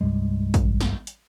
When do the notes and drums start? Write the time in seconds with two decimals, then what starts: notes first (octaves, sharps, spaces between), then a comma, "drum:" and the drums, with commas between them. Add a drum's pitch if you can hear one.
0.01 C2 G2 G3 G#3
0.54 drum: kick, hi-hat
0.81 drum: snare
1.07 drum: hi-hat